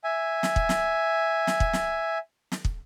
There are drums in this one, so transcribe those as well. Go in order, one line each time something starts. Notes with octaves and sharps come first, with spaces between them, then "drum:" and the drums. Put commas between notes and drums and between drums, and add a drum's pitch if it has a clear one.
E5 G#5
drum: snare
drum: kick
drum: snare
drum: snare
drum: kick
drum: snare
drum: snare
drum: kick